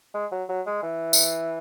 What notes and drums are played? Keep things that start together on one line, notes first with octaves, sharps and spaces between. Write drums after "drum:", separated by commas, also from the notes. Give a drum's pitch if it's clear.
G#3
F#3
F#3
G#3
E3
drum: tambourine